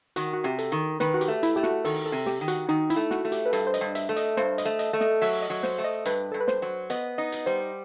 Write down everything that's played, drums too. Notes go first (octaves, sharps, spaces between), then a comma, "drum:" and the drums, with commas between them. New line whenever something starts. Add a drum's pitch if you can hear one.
D#3 F#4, drum: hi-hat
F#4
C3 G4
A4, drum: hi-hat
D#3
D#3 B4, drum: snare
F#4
G4, drum: hi-hat
A3
E4, drum: hi-hat
A3 G4
F#4, drum: snare
D#3 A4, drum: open hi-hat
A4
C3
G4, drum: snare
D#3
F#4, drum: hi-hat
D#3 D#4
E4, drum: hi-hat
A3
F#4, drum: snare
A3
G4, drum: hi-hat
B4
G2 A4, drum: hi-hat
C5
D#5, drum: hi-hat
G2
E5, drum: hi-hat
A3
D#5, drum: hi-hat
G2 C5, drum: snare
D#5, drum: hi-hat
A3
D#5, drum: hi-hat
A3
D#5, drum: snare
F#3 E5, drum: open hi-hat
D#5
F#3
C5, drum: snare
A3
D#5
G2 B4, drum: hi-hat
G2 A4
B4
C5, drum: snare
F#3
B3 D#5, drum: hi-hat
D#4 D#5
drum: hi-hat
G3 C5